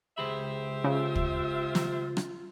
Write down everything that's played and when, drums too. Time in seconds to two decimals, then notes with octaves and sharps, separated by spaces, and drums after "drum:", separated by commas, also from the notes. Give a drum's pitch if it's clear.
0.18 C#2 G4 G#4 C5 E5 B5
0.84 C#3 F4
1.16 drum: kick
1.75 drum: snare
2.17 drum: rim click